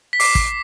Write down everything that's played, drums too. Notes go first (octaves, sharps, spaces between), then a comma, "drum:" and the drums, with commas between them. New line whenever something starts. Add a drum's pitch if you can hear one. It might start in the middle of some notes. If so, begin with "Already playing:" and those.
B6
D6 C7, drum: open hi-hat
drum: kick